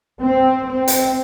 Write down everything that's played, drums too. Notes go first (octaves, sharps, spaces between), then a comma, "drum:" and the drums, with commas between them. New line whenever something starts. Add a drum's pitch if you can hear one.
C4
C4
drum: hi-hat